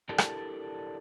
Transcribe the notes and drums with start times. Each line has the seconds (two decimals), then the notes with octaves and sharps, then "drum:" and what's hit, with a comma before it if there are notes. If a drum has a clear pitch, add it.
0.09 D4 E4 G4 A4 A#4 D5
0.18 drum: rim click